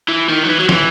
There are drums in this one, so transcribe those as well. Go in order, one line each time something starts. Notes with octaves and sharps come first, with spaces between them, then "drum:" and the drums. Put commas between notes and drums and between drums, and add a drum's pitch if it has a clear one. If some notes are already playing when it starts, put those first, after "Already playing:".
E3
D#3
F#3
E3
F#3
E3, drum: snare